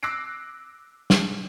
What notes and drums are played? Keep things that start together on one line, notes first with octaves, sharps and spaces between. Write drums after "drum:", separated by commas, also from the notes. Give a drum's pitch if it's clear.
D6 E6 F#6 A#6 C7 D7
drum: snare